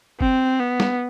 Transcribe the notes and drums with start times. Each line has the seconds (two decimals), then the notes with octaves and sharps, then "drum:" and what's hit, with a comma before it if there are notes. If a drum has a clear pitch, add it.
0.21 C4, drum: kick
0.60 B3
0.80 drum: snare